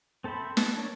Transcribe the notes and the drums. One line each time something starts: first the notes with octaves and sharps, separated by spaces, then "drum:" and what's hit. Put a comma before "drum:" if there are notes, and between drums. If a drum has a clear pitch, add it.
C4 A4 C5 E5 B5
B4 A5, drum: snare
A#3 D4 C#5 D5